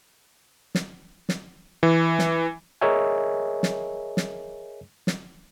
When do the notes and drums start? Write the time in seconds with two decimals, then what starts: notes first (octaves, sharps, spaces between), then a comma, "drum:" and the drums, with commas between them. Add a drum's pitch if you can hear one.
0.75 drum: snare
1.29 drum: snare
1.83 E3
2.19 drum: snare
2.81 G#4 A#4 C#5 D#5 E5 G#5
3.63 drum: snare
4.17 drum: snare
5.07 drum: snare